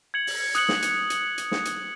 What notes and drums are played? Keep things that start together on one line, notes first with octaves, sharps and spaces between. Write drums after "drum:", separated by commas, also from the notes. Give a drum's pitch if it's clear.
G#6 C#7 F#7
drum: open hi-hat
D#6 F#6 C#7 F#7, drum: hi-hat
drum: snare
drum: hi-hat
drum: hi-hat
drum: hi-hat
drum: snare
drum: hi-hat